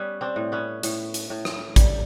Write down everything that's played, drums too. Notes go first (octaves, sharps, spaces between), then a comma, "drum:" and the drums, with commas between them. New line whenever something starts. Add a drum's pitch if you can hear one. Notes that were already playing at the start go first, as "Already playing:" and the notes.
Already playing: G3 B3 C#4
C4 D4
A2
B3 C#4
A2, drum: hi-hat
drum: hi-hat
A2
drum: rim click
G3, drum: kick A1, hi-hat